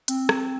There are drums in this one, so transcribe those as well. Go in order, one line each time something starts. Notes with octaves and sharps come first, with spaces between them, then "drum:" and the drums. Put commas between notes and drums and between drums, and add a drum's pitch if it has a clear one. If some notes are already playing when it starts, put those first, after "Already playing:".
C4, drum: hi-hat
drum: rim click